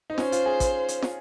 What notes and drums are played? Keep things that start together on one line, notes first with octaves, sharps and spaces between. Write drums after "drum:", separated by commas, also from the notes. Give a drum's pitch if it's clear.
D#4
C#4 C5, drum: snare
F4, drum: hi-hat
G#4
drum: kick, hi-hat
drum: hi-hat
drum: snare